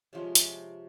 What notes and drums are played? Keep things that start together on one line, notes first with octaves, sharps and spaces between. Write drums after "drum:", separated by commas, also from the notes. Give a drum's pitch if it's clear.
C3 F3 G#3 C#4
G4, drum: hi-hat